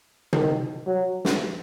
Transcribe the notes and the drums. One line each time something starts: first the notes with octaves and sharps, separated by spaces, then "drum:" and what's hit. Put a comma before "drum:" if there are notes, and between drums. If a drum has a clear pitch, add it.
D#3, drum: tom
F#3
drum: snare